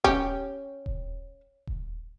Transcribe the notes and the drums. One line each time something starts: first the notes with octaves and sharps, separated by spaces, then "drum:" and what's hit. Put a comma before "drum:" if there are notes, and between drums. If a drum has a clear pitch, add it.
C#4 G4, drum: kick D#1
drum: kick D#1
drum: kick D#1